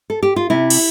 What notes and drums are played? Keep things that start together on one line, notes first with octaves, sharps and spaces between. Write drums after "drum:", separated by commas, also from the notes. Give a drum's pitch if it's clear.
A4
G4
F4
C3 E4
drum: cymbal